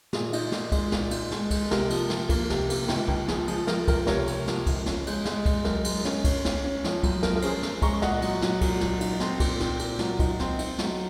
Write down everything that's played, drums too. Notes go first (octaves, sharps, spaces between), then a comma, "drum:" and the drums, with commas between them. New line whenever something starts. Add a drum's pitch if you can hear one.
A#2 G#4, drum: snare
D#4, drum: cymbal
A#2, drum: snare
G#3, drum: kick, cymbal
A#2, drum: snare
D#4, drum: cymbal
G#3, drum: snare
G#3, drum: kick, cymbal
C3 A#4, drum: snare
F3, drum: cymbal
F3, drum: snare
A#3, drum: kick, cymbal
C3, drum: snare
A#3, drum: cymbal
C#2, drum: snare
C#2, drum: kick
F3 G#4, drum: snare
F3 G#4, drum: cymbal
F3 A#4, drum: snare
C#2 A#4, drum: kick, cymbal
C3 A#4 C#5, drum: snare
C3, drum: cymbal
F3, drum: snare
C#2, drum: kick, cymbal
C#4, drum: snare
G#3, drum: cymbal
G#3, drum: snare
G#3, drum: kick, cymbal
F#2 A#4, drum: snare
G#3, drum: cymbal
C#4, drum: snare
C#4, drum: kick, cymbal
C#4, drum: snare
C#4
F3, drum: snare
F#2, drum: kick, cymbal
F3 A#4, drum: snare
A#4
C#4 G#4 C5, drum: cymbal
C#4, drum: snare
G#3 A#5 C#6, drum: kick, cymbal
A#2 D#5 F#5, drum: snare
F#3, drum: cymbal
F#3, drum: snare
A#2, drum: kick, cymbal
F#3, drum: snare
D#4, drum: cymbal
C4, drum: snare
A#2, drum: kick, cymbal
C4, drum: snare
A#2, drum: cymbal
F#3, drum: snare
D#4, drum: kick, cymbal
C4, drum: snare
D#4, drum: cymbal
F#3, drum: snare